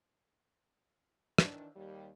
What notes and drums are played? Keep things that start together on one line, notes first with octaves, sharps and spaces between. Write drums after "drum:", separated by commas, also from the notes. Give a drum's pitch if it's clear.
D#3 E3 D4, drum: rim click
D#2 G3